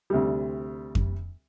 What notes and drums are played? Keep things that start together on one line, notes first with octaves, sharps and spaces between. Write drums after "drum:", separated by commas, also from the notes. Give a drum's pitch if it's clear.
D2 C3 G3
drum: kick F2